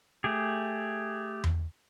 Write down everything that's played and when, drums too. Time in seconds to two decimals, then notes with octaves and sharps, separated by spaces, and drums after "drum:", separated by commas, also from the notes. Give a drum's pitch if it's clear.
0.24 A3 G4 G#4
1.44 drum: tom E2